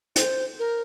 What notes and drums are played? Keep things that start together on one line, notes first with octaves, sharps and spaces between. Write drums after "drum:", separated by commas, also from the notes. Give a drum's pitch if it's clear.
C5, drum: hi-hat
A#4